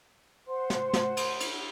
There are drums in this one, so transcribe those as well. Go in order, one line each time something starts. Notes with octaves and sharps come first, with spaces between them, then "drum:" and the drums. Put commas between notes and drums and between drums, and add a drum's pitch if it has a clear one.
C5 F#5 C6
drum: snare
drum: snare
drum: cymbal
drum: cymbal